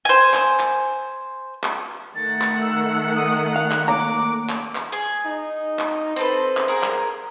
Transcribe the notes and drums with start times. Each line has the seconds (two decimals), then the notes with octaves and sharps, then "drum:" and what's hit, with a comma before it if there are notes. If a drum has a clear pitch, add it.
0.05 C5 G#5
0.34 drum: clap
0.60 drum: clap
1.63 drum: clap
2.15 D#3 A3 F#5 A6
2.41 drum: clap
2.61 E6
3.16 D#6
3.56 F5 F#6
3.71 drum: clap
3.88 A#3 C#5 A#5 D6
4.49 drum: clap
4.75 drum: clap
4.92 G#4 G#5
5.26 D#4
5.79 drum: clap
6.16 C4 A4 B4 C5
6.57 drum: clap
6.68 G#4 A#4 F#5
6.83 drum: clap